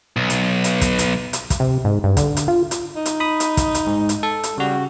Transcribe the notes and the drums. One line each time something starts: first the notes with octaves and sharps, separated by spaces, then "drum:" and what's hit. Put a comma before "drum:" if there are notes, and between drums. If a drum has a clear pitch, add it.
B1
drum: hi-hat
drum: hi-hat
drum: kick, hi-hat
drum: hi-hat
drum: hi-hat
drum: kick, hi-hat
C3
G#2
G2
D3, drum: kick, hi-hat
drum: hi-hat
F4
drum: hi-hat
D#4
drum: hi-hat
B5 D#6
drum: hi-hat
drum: kick, hi-hat
drum: hi-hat
G#2
drum: hi-hat
A4
drum: hi-hat
C#3 G3 F#4